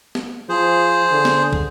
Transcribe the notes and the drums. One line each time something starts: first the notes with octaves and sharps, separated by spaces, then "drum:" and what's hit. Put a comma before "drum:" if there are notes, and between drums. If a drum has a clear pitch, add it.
drum: snare
F3 G#4 C5
D3
drum: snare
drum: kick